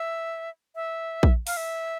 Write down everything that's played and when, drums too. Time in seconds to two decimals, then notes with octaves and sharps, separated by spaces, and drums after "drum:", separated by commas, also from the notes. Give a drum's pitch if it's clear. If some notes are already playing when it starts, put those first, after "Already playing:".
Already playing: E5
0.75 E5
1.23 drum: kick
1.47 F5, drum: open hi-hat
1.57 E5